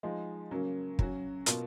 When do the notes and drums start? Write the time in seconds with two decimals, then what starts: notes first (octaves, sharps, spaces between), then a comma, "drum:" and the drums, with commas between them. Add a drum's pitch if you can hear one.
0.03 F3 G#3 D#4
0.51 C#3 F#3 A#3 C#4
0.99 F#3 C#4 F#4, drum: kick
1.46 B2 A#3 F4, drum: hi-hat